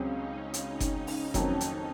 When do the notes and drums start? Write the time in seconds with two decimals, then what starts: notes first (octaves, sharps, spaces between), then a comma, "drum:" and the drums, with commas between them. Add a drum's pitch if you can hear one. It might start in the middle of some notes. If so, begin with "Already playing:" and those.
Already playing: C#2 C#3 F#3 C4 C#4
0.14 D#4
0.54 D#4, drum: hi-hat
0.80 drum: kick F#1, hi-hat
1.07 drum: open hi-hat
1.34 F2 D#3 F#3 A#3, drum: kick F#1, hi-hat
1.61 drum: hi-hat